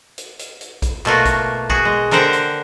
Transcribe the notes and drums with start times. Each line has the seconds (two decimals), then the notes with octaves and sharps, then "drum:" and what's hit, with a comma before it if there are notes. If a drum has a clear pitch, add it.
0.18 drum: hi-hat
0.39 drum: hi-hat
0.61 drum: hi-hat
0.82 drum: kick A#1, hi-hat
1.06 B2 A3 A#3 F4 F#4 A#4, drum: clap
1.25 drum: kick A#1, hi-hat
1.70 F#4 G#4, drum: kick A#1
1.85 G#3
2.11 D3 A#4 C5 F#5 G5, drum: hi-hat
2.33 drum: hi-hat